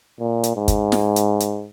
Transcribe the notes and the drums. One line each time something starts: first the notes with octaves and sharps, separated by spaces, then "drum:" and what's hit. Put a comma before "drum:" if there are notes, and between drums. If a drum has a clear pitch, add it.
A#2
drum: hi-hat
G#2
drum: kick, hi-hat
drum: snare
drum: hi-hat
drum: hi-hat